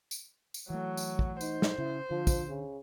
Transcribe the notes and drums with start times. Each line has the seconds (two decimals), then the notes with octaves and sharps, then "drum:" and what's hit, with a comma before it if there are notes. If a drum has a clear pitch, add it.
0.11 drum: tambourine
0.54 drum: tambourine
0.70 E3 F#3 A3
0.97 drum: tambourine
1.19 drum: kick
1.41 D#4 C5, drum: tambourine
1.62 drum: snare
1.78 C#3 E4
2.11 D3 F3
2.27 drum: kick, tambourine
2.49 C#3